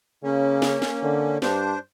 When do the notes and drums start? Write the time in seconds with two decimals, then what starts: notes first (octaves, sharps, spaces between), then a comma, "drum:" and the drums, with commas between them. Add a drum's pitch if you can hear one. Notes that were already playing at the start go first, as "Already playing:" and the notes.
0.24 C#3 A#3 C#4
0.62 drum: snare
0.82 drum: snare
1.03 D3
1.42 G2 D4 C5, drum: snare